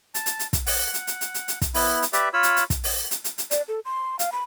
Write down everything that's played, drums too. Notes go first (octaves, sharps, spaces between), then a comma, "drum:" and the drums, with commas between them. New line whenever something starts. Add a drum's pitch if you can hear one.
A5, drum: hi-hat
drum: hi-hat
drum: hi-hat
drum: kick, hi-hat
F#5, drum: open hi-hat
drum: hi-hat
drum: hi-hat
drum: hi-hat
drum: hi-hat
drum: hi-hat
drum: kick, hi-hat
B3 E4, drum: open hi-hat
drum: hi-hat
G4 B4 D5 E5, drum: hi-hat
F4 C#5 B5 E6
drum: hi-hat
drum: hi-hat
drum: kick, hi-hat
drum: open hi-hat
drum: hi-hat
drum: hi-hat
drum: hi-hat
D5, drum: hi-hat
A4
C6
F5, drum: hi-hat
B5